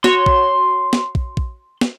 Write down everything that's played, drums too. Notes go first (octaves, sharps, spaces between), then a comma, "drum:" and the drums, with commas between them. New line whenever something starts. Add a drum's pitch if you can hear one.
F#4 C#5 C6, drum: snare
drum: kick
drum: snare
drum: kick
drum: kick
drum: snare